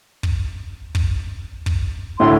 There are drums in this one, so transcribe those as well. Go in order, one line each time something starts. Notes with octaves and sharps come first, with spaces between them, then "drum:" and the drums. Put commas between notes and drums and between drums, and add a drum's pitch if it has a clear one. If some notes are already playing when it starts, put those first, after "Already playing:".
drum: kick
drum: kick
drum: kick
D2 A2 E4 C6